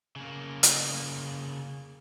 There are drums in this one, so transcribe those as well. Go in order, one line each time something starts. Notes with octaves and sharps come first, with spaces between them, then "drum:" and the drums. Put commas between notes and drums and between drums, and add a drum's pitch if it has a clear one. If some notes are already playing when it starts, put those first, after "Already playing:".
C#3 A#3
drum: hi-hat